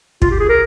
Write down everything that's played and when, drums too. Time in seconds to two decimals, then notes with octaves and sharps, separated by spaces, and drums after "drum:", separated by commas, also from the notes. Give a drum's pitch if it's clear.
0.22 F4, drum: kick
0.31 G4
0.40 G#4
0.49 A#4